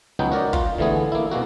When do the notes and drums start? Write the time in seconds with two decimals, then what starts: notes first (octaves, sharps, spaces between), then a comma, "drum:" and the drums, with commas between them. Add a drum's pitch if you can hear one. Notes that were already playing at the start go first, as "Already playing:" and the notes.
0.19 C#2 F#3 B3 D#4 G5
0.32 F#4 A#4 D5 D#5
0.53 F4, drum: kick
0.78 D3 E3 A3 B3 G#4
1.12 A#3 E4
1.31 B2 G#3 A#3 F#4